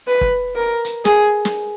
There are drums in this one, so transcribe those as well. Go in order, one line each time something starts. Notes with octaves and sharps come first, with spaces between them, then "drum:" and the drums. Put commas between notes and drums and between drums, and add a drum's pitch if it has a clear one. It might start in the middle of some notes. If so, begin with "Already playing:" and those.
B4
drum: kick
A#4
drum: hi-hat
G#4, drum: snare
drum: snare